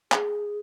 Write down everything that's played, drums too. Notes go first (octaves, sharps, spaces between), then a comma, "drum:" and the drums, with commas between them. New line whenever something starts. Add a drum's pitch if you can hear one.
G#4, drum: clap